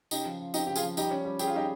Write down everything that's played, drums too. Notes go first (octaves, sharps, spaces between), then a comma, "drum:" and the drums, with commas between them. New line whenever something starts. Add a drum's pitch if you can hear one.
C#3 D#4 G4, drum: tambourine
F3
F4
C4 D#4 G4, drum: tambourine
C#3 G4
F4 G#4, drum: tambourine
F3
G3 D#4 G4, drum: tambourine
C#4
G3
G4 G#4, drum: tambourine
F4
G3 D#4 G4